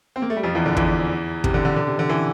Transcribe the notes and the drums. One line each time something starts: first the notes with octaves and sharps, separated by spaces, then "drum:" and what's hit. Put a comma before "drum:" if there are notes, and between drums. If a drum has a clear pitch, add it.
C4
A#3
A3
G3
F2 F3
E2 E3
D3
E2 E3, drum: kick
C3, drum: kick
D3
D3
D3
C3
D3
E3